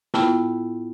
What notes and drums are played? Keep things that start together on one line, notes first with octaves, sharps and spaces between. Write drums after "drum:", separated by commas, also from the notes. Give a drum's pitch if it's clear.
A2 B3 E4 F4 G5 A5, drum: snare